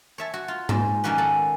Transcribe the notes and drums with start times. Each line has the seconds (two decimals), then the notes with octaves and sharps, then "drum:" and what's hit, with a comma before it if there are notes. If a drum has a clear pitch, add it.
0.18 C#5 E5 A5
0.34 F#4
0.48 F4
0.69 G#2, drum: tom G#2
1.04 D#3 F3 A#3 C#4 F#4 B4
1.18 A4 F#5